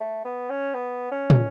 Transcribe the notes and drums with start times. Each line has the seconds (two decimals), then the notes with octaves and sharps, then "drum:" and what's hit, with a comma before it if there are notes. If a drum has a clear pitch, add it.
0.01 A3
0.25 B3
0.50 C#4
0.74 B3
1.11 C#4
1.30 drum: tom